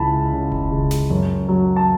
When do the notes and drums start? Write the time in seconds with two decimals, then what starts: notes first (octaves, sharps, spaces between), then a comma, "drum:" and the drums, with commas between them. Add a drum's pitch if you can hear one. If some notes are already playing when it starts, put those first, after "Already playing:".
Already playing: C#2 E3 A5 B5
0.33 C#3
0.52 drum: kick E1
0.71 C#2
0.91 drum: snare
1.10 F#2
1.49 F#3
1.76 A5